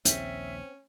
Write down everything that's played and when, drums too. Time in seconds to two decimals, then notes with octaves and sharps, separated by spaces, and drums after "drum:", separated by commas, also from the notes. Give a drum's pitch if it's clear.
0.05 A#1 D#2 C4 C#4 E5, drum: hi-hat